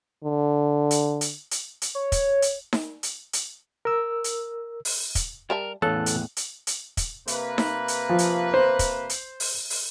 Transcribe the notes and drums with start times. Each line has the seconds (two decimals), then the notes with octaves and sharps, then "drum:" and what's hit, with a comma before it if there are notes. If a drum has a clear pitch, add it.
0.24 D3
0.91 drum: hi-hat
1.21 drum: hi-hat
1.51 drum: hi-hat
1.82 drum: hi-hat
1.95 C#5
2.12 drum: kick, hi-hat
2.42 drum: hi-hat
2.73 drum: snare D#4
3.03 drum: hi-hat
3.33 drum: hi-hat
3.85 A#4 E6
4.24 drum: hi-hat
4.85 drum: open hi-hat
5.15 drum: kick, hi-hat
5.50 G3 A#4 E5 A5
5.82 E2 A2 C#3 E3 A4 F#6
6.06 drum: hi-hat
6.37 drum: hi-hat
6.67 drum: hi-hat
6.97 drum: kick, hi-hat
7.28 C3 A#3 B4, drum: hi-hat
7.58 drum: snare D#4
7.88 drum: hi-hat
8.09 F3
8.19 drum: hi-hat
8.54 C5
8.79 drum: kick, hi-hat
9.10 drum: hi-hat
9.40 drum: open hi-hat
9.70 drum: open hi-hat